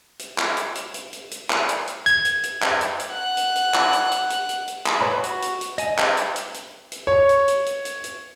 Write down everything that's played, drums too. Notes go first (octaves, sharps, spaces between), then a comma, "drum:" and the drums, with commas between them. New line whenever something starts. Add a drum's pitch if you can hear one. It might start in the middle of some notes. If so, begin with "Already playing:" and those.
drum: hi-hat
drum: clap
drum: hi-hat
drum: hi-hat
drum: hi-hat
drum: hi-hat
drum: hi-hat
drum: clap
drum: hi-hat
drum: hi-hat
G#6, drum: hi-hat
drum: hi-hat
drum: hi-hat
drum: clap
drum: hi-hat
drum: hi-hat
F#5 F#6
drum: hi-hat
drum: hi-hat
drum: clap
drum: hi-hat
drum: hi-hat
drum: hi-hat
drum: hi-hat
drum: hi-hat
drum: clap
B4 C#5 B5
F#4
drum: hi-hat
drum: hi-hat
drum: hi-hat
D#5 G#5, drum: hi-hat
drum: clap
drum: hi-hat
drum: hi-hat
drum: hi-hat
drum: hi-hat
C#5
drum: hi-hat
drum: hi-hat
drum: hi-hat
drum: hi-hat
drum: hi-hat